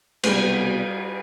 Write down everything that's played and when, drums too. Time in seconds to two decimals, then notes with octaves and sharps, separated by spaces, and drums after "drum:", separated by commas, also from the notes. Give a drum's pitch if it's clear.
0.23 G#3, drum: cymbal
0.27 C2 B2 F#3 G3 B3